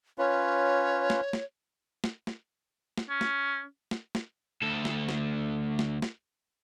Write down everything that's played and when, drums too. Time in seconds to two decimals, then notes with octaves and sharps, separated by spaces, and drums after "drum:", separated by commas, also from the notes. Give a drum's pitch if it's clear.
0.18 C#4 F4 B4 C#5
1.10 drum: snare
1.33 drum: snare
2.04 drum: snare
2.27 drum: snare
2.98 drum: snare
3.09 C#4
3.21 drum: snare
3.91 drum: snare
4.15 drum: snare
4.62 D2 A4
4.85 drum: snare
5.09 drum: snare
5.79 drum: snare
6.02 drum: snare